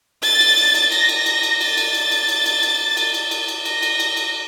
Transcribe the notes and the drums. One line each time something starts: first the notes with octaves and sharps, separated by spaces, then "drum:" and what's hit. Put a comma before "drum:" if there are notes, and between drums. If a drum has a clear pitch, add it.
A6, drum: cymbal
drum: cymbal
drum: cymbal
drum: cymbal
A#6, drum: cymbal
drum: cymbal
drum: cymbal
drum: cymbal
A6, drum: cymbal
drum: cymbal
drum: cymbal
drum: cymbal
drum: cymbal
drum: cymbal
drum: cymbal
drum: cymbal
drum: cymbal
drum: cymbal
drum: cymbal
A#6, drum: cymbal
drum: cymbal
drum: cymbal
drum: cymbal